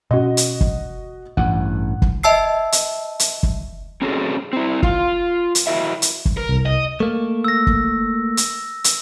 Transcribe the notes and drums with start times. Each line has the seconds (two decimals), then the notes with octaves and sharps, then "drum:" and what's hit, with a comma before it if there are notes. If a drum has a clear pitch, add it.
0.11 B2 C#4 F#4 D#5
0.37 drum: hi-hat
0.61 drum: kick
1.37 A1 G2 F#5
2.02 drum: kick
2.23 D#5 E5 A5 E6 C7
2.72 drum: hi-hat
3.19 drum: hi-hat
3.43 drum: kick
4.02 C4 C#4 F#4 G#4 A4
4.53 C4 E4
4.83 F4 F5, drum: kick
5.55 drum: hi-hat
5.67 E4 F#4 A#4 E5
6.02 drum: hi-hat
6.25 drum: kick
6.37 A#4
6.49 C2
6.66 D#5
7.00 A3 A#3
7.44 E6 A#6
7.67 drum: kick
8.37 drum: hi-hat
8.84 drum: hi-hat